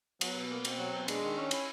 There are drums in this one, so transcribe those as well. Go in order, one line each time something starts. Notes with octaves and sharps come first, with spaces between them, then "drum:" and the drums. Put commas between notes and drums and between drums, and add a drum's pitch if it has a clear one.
F#3 B3, drum: cymbal
B2
A#3
B2 C4, drum: cymbal
F#3
B2
G#3 D4, drum: cymbal
D#3
C#4
E4, drum: cymbal